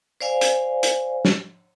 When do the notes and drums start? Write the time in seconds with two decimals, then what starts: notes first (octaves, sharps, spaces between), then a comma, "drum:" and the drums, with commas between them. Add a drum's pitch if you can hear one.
0.21 C5 D5 F5 G#5
0.41 drum: hi-hat
0.83 drum: hi-hat
1.25 drum: snare